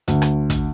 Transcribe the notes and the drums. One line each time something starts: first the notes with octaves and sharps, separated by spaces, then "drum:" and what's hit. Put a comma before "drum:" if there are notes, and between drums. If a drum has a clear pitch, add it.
D2, drum: hi-hat
drum: rim click
drum: kick, hi-hat